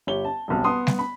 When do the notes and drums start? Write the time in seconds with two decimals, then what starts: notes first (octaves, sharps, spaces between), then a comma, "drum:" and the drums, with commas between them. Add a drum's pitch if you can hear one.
0.07 G1 G4 C#5 G7
0.25 A5
0.48 D#1 B1 C4
0.64 B3 C6 D#6
0.87 drum: snare G3
0.99 B5